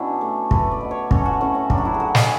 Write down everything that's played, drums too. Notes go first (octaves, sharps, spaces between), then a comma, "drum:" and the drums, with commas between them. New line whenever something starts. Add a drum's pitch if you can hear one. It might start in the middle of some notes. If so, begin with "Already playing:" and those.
Already playing: B2 F#3 C#4 D4 E4 F#4
A3
A3 B4, drum: kick
D5
B2
C#5
C#4 A4, drum: kick
F#4
A2 C#4
C#4
F#3 D4, drum: kick
F#4
E4
G#4
A2 F#4
G#4, drum: snare